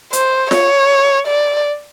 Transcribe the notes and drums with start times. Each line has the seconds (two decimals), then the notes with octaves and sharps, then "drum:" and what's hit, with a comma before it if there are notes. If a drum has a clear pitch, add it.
0.13 C5, drum: hi-hat
0.51 C#5, drum: snare F4
1.27 D5